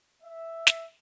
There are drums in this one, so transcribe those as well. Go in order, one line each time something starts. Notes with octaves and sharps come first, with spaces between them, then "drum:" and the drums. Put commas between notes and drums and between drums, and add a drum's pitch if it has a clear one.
E5
drum: snare